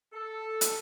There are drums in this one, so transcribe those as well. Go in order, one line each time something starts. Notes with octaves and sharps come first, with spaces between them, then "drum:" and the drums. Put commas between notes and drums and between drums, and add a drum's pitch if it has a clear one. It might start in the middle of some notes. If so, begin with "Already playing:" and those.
A4
drum: hi-hat